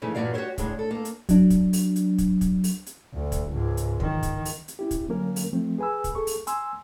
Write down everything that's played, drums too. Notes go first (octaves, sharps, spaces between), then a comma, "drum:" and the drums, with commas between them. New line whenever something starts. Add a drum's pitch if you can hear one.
F2 G#2 C#3 E3 A3
E2 G2 A#2 F#4 D5 F5
F#4 G4 A4 C5 C#5
A2 C#3 G#3 D4, drum: kick, hi-hat
A4
A#3 A4
drum: hi-hat
F#3 D4, drum: kick, hi-hat
drum: kick, hi-hat
drum: open hi-hat
drum: hi-hat
drum: kick, hi-hat
drum: kick, hi-hat
drum: open hi-hat
drum: hi-hat
D2
drum: kick, hi-hat
C#2 G#2
drum: hi-hat
D#3, drum: kick
drum: kick, hi-hat
drum: open hi-hat
drum: hi-hat
C#4 E4 G4
drum: kick, hi-hat
D3 F#3 G3 A#3 C#4 A#4
drum: open hi-hat
F3 A3 C4
G#4 B4 G#5 B5 E6
drum: kick, hi-hat
G#4 A4 C#6
drum: open hi-hat
G#5 C6 E6, drum: hi-hat